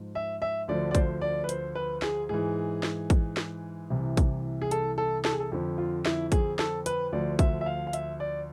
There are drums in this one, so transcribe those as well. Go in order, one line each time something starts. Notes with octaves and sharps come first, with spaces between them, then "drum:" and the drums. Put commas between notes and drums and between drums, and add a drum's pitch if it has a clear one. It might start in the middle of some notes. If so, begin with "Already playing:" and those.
Already playing: G#2 F3
E5
E5
D2 D3 F3 D5
D5
C5, drum: kick, hi-hat
D5
B4
C5, drum: hi-hat
B4
G#4, drum: snare
G#2 E3 G#4
drum: snare
drum: kick, hi-hat
drum: snare
C2 C3 E3
drum: kick, hi-hat
G#4
A4, drum: hi-hat
A4
A4, drum: snare
G#4
A4
F2 D3 F3
F4
E4, drum: snare
G#4, drum: kick, hi-hat
A4, drum: snare
B4, drum: hi-hat
D2 D3 F3 D5
E5, drum: kick, hi-hat
E5
F5
F5
E5, drum: hi-hat
D5